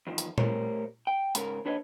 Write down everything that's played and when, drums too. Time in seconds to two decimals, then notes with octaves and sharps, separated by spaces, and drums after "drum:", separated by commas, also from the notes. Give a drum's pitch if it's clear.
0.07 E2 G2 D#3 F3
0.18 drum: hi-hat
0.38 G3 A3 A#4 C5 C#5, drum: tom A#2
1.07 G5
1.35 G#2 C#3 A#4, drum: hi-hat
1.65 D#2 D4 B4 C#5 D#5